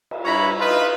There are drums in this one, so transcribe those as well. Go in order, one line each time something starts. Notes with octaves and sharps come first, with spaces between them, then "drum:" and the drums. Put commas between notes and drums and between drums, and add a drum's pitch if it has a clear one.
drum: cymbal
G2 E4 C#5 A#5 B5
D#4 F4 B4